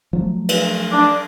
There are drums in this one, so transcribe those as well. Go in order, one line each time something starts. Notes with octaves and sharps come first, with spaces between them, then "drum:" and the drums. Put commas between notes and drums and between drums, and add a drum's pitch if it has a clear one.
F3 F#3 A3
drum: cymbal
D4